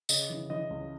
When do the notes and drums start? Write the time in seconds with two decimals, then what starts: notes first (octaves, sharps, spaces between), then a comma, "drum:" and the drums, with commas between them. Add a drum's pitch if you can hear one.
0.09 C#3 D#5, drum: tambourine
0.30 E3
0.50 E3 D#5
0.70 C#2